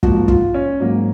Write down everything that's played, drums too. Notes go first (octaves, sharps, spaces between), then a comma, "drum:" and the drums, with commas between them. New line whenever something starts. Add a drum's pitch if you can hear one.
G#2 F3 A#3 F#4, drum: kick
F4, drum: kick
C#4
G#2 F#3 A#3